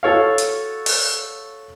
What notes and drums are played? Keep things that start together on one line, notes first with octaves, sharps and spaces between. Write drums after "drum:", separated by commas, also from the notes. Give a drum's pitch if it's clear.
F#4 A4 C#5 F5
drum: hi-hat
drum: open hi-hat